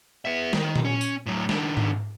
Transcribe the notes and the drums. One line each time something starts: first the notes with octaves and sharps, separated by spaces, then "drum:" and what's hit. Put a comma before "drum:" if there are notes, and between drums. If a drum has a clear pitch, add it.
B3 E5
D#3, drum: snare
drum: tom A#2
C#4
drum: tambourine
A2 F#3
D#3 D4, drum: snare
drum: tom G#2